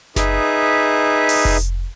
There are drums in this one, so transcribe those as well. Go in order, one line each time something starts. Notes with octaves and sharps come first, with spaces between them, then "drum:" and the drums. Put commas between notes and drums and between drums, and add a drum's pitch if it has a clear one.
D#4 G#4 B4 E5, drum: snare F#1
drum: open hi-hat
drum: kick F1